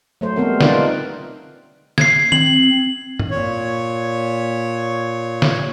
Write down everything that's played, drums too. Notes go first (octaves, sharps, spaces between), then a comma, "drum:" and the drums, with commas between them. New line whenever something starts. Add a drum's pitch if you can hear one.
F#3 A3 C5
G3 G#3 B3 C4 F#4 A#4
D4 D#4 F4 A#4 B4 D5, drum: snare
G#6 C7, drum: snare
C4 F#7, drum: tom D#3
drum: tom
A#2 C#5
drum: snare